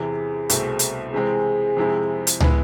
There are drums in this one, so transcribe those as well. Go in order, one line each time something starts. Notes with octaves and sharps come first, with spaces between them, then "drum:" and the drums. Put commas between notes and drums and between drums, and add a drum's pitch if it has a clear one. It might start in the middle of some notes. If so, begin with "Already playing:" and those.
Already playing: E2 C3 E3 G#4
C2 B2 A3 C4, drum: hi-hat
drum: hi-hat
C3 E3 G#3 C4 G#4
F2 C3 G#3 C4 E4
drum: hi-hat
A2 G#3 B3 E4, drum: tom C#2